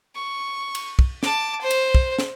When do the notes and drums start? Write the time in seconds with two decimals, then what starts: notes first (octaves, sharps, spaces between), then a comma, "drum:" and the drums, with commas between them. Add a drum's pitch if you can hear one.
0.15 C#6
0.75 drum: cymbal
0.99 drum: kick
1.23 A5 D6, drum: snare
1.60 C5
1.71 drum: cymbal
1.95 drum: kick
2.19 drum: snare